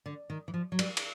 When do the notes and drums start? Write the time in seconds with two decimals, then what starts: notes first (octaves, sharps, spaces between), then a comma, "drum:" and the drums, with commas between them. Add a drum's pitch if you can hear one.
0.06 D3
0.30 D#3
0.48 E3
0.54 F3
0.72 F#3
0.79 G3, drum: cymbal
0.97 drum: cymbal